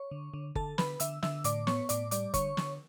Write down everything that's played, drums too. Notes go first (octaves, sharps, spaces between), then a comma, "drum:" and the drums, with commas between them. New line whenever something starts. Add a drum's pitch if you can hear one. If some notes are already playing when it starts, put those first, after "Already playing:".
Already playing: C#5 C#6
D3
D3
D3 A4 A5, drum: kick G1
D3 B4 B5, drum: snare
D3 E5 E6, drum: hi-hat
D3 E5 E6, drum: snare
A2 D5 D6, drum: hi-hat
B3 C#5 C#6, drum: snare
A2 D5 D6, drum: hi-hat
G3 D5 D6, drum: hi-hat
D3 C#5 C#6, drum: kick G1, hi-hat
D3, drum: snare